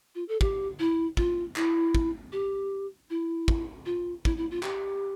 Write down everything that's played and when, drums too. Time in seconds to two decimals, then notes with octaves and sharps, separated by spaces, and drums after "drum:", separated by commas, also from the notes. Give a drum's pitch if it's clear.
0.15 F4
0.28 A4
0.41 G4, drum: kick
0.79 E4
1.17 F4, drum: kick
1.56 E4, drum: clap
1.95 drum: kick
2.32 G4
3.10 E4
3.48 drum: kick
3.86 F4
4.25 E4, drum: kick
4.37 E4
4.51 F4
4.63 G4, drum: clap